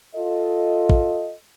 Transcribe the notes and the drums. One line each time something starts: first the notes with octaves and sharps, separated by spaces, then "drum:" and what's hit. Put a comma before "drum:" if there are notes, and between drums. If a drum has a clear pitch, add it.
F4 A4 D#5
drum: kick